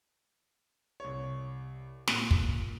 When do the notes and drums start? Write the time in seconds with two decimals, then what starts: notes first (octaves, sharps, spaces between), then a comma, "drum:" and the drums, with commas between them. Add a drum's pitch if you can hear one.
1.00 C2 C#5
2.07 A#2 F#6, drum: snare
2.31 drum: kick